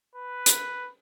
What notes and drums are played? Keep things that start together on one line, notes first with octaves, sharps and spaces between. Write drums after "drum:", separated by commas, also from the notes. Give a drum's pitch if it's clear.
B4
drum: hi-hat